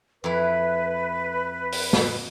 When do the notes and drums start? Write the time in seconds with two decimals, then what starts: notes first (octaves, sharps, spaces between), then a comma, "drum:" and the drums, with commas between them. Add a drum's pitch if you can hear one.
0.24 F2 E4 B4
1.72 drum: open hi-hat
1.93 drum: snare